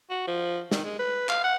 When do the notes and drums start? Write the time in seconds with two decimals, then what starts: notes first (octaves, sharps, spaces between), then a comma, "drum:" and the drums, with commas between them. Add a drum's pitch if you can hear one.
0.10 F#4
0.27 F3
0.72 D#3, drum: snare
0.84 G#3
0.99 B4
1.29 F5, drum: clap
1.44 F#5